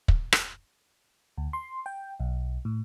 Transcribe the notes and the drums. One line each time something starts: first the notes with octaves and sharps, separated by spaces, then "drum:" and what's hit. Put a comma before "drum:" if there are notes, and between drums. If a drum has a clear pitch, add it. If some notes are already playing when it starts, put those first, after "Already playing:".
drum: kick
drum: rim click
D2
C6
G5
B1
A2